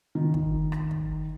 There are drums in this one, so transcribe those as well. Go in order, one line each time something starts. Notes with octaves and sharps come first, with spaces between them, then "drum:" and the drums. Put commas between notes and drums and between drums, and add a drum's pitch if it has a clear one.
D#3
drum: kick
drum: rim click
drum: kick